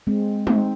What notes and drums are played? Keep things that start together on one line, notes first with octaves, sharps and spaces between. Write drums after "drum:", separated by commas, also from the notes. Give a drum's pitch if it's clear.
G#3 C4
C4 D#4, drum: tom G#3